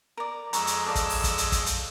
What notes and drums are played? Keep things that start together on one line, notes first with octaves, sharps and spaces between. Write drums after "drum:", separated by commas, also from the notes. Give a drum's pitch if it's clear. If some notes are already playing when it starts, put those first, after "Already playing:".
A#4 D5
F2 G#3 A#5 C#6 E6, drum: hi-hat
drum: hi-hat
A4 D5 F5
drum: kick, hi-hat
drum: open hi-hat
drum: kick, hi-hat
drum: hi-hat
drum: kick, hi-hat
drum: hi-hat